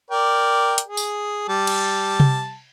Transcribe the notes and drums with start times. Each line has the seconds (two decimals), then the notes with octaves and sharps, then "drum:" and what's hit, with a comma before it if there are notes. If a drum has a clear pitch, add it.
0.11 A#4 D5 G5
0.78 drum: hi-hat
0.88 G#4
0.97 drum: tambourine
1.49 G3 A5
1.67 drum: cymbal
2.20 drum: tom C3